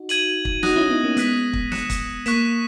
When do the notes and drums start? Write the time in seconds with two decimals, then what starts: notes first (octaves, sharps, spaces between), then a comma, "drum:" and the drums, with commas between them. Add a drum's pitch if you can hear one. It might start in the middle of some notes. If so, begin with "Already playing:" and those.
Already playing: D#4 F#4
0.09 G#6 D#7 F#7, drum: hi-hat
0.45 drum: kick
0.63 D#4 F#4 D#6 F#6 A#6, drum: snare
0.76 C#4 E4
0.90 B3 D#4
1.03 A#3 C#4
1.17 G#3 B3 D#6 F#6 B6, drum: hi-hat
1.53 drum: kick
1.72 F#6 C#7 E7, drum: snare
1.90 drum: kick, hi-hat
2.26 A#3 C#6 F#6 B6 E7, drum: hi-hat